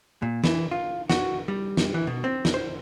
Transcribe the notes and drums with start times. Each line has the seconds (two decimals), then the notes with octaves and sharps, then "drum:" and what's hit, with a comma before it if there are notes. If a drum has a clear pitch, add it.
0.22 A#2
0.44 E3, drum: snare
0.71 F4
1.10 F#4, drum: snare
1.48 G3
1.77 drum: snare
1.94 E3
2.07 B2
2.24 C4
2.45 drum: snare
2.54 C5